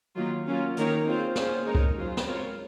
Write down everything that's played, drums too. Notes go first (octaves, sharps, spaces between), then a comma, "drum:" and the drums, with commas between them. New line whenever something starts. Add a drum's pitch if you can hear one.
D#3 F#3 A#3 F4
F#3 A#3 C#4 F4
D#3 A#3 D#4 A#4 C#5, drum: hi-hat
C4 F4 G#4 C5
A#3 C#4 F4 G#4 C5, drum: snare
G#3 D#4 A#4 C#5
drum: kick
F#3 C#4 F4 C5
drum: snare
G#3 C4 F4 A#4 C#5